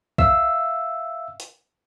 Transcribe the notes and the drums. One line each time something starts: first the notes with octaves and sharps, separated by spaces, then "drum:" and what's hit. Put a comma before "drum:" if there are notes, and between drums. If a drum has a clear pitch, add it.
E5 F5 E6, drum: kick
drum: hi-hat